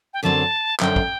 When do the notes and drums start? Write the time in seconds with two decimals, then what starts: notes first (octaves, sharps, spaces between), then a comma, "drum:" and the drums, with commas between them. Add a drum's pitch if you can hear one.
0.14 G5
0.23 F#2 D3 F#3 C4 A5
0.80 F#2 D3 F#3 C4 G5, drum: clap
0.96 drum: kick